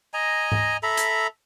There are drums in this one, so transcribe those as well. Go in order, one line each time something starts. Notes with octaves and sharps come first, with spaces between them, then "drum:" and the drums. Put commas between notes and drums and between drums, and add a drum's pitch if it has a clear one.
D#5 G#5 A#5
drum: tom G#2
A4 E5 A#5 B5
drum: hi-hat